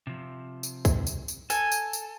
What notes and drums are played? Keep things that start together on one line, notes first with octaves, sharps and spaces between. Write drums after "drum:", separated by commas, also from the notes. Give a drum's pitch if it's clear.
C3 F3
drum: tambourine
drum: kick, tambourine
drum: tambourine
drum: tambourine
A4 G#5, drum: tambourine
drum: tambourine
drum: tambourine